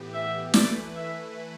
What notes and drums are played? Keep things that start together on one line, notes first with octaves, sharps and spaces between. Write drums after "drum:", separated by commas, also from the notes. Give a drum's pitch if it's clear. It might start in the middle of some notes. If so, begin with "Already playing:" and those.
Already playing: A2 E3 B3 G4
E5
E3 A3 E4 B4 D5, drum: snare
E5